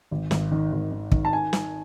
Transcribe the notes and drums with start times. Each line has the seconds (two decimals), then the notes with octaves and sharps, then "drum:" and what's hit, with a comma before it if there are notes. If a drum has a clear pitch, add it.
0.11 G#1
0.31 G#1, drum: snare
0.52 D#3
0.72 G#1
0.91 D#3
1.12 D#3, drum: kick
1.25 A5
1.33 G#5
1.53 drum: snare